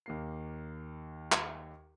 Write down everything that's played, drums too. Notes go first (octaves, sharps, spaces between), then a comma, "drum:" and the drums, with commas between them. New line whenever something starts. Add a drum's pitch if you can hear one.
D#2 A#3 C7
drum: clap